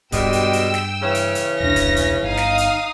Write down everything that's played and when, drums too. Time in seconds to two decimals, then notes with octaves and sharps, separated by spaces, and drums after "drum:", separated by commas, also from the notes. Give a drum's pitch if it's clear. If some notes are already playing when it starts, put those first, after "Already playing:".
0.12 G2 B2 G3 G#3 G5 E6, drum: kick D1, hi-hat
0.33 drum: hi-hat
0.53 drum: hi-hat
0.74 drum: snare
1.02 C#3 E3 C#4
1.15 drum: hi-hat
1.35 drum: hi-hat
1.60 E1 C2 D4 A#6
1.76 drum: kick D1, hi-hat
1.96 drum: hi-hat
2.23 G1 D#4 F5 D#6
2.37 drum: snare
2.58 drum: hi-hat